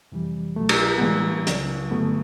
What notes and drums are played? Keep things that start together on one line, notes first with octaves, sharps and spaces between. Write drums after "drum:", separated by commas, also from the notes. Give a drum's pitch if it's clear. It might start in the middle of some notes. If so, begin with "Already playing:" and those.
F2 C3 E3 G3
C2 B2 F#3 A3
drum: cymbal
B3
A2 E3 G3 G#3 A#3
C#2 C#3 F#3, drum: hi-hat
G2 D3 F#3 A3 B3